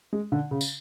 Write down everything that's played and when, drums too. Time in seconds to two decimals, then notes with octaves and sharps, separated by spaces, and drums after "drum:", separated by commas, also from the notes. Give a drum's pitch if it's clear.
0.13 G#3
0.32 D3
0.51 C#3
0.61 drum: tambourine